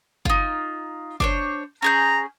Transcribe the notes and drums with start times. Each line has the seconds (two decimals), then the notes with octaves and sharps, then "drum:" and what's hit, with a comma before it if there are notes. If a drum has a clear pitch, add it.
0.25 D#4 F4, drum: kick F#1
1.20 D4 C5 C#5, drum: kick F#1
1.82 C#4 G#4 A#5 G6